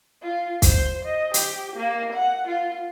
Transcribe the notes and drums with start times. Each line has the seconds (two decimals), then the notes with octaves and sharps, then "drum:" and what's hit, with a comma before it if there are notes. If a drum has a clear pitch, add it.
0.22 F4
0.62 C5, drum: kick, hi-hat
1.05 D#5
1.34 G4, drum: hi-hat
1.76 A#3
2.12 F#5
2.48 F4